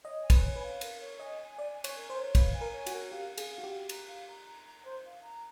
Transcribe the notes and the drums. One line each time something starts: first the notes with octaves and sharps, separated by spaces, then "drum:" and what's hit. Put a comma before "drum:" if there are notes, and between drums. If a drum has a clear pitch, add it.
C#5 D#5
G#5
B4, drum: kick, cymbal
C#5
B4
F5
A#4, drum: cymbal
C#5
D#5 G#5
G#5
D5 G#5
G#5
C#5, drum: cymbal
A#4
C5
C#5
B4 F5, drum: kick, cymbal
G#5
A#4
C#5
F#4, drum: cymbal
A#4
G4 F5
F5
G#4, drum: cymbal
F5
F#4
G4
F5
A#5, drum: cymbal
F5
A#5
A#5
A#5
C5
F5
A#5